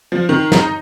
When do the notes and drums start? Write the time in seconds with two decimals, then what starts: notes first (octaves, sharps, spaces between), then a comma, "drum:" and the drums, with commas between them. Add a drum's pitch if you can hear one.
0.12 F3
0.29 D#3
0.52 D#4, drum: snare